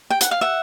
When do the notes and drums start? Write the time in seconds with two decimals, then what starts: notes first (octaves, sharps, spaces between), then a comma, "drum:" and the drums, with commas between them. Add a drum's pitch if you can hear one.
0.10 G5
0.21 F#5, drum: hi-hat
0.31 F5
0.41 E5 F#5